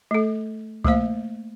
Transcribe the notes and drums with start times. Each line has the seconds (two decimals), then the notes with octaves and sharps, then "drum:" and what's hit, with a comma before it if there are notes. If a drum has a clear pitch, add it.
0.11 A3 A4
0.85 A3 A#3 C5 F5, drum: kick C#2